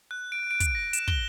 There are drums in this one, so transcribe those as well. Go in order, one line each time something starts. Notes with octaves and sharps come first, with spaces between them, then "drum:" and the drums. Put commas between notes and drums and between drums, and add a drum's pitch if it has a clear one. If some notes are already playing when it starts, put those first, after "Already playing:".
F#6
D7
D7
drum: kick, hi-hat
A#6
E7, drum: hi-hat
G7, drum: kick